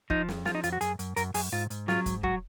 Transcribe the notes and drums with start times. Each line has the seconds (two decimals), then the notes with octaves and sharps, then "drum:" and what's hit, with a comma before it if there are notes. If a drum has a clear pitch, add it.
0.10 F3 D#4, drum: kick
0.29 F2, drum: snare
0.45 F3 F4, drum: snare
0.55 D#4
0.63 F2 F4, drum: hi-hat
0.72 F#4
0.81 F#2 G#4, drum: hi-hat
0.99 F#2, drum: hi-hat
1.16 F#2 A#4, drum: hi-hat
1.34 F#2 G#4, drum: open hi-hat
1.52 G#2 F4
1.70 G#2, drum: hi-hat
1.88 F#3 F4, drum: snare
2.06 G#2, drum: kick, hi-hat
2.23 F#3 F#4, drum: kick